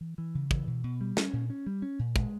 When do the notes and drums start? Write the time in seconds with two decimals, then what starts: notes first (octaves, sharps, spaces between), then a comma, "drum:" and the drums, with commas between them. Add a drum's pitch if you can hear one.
0.01 E3
0.18 E3
0.35 C#3
0.51 E3, drum: kick
0.67 B2
0.84 B2
1.01 G3
1.17 C#4, drum: snare
1.33 A#2
1.50 C#4
1.66 G3
1.82 C#4
1.99 A#2
2.16 G#3, drum: kick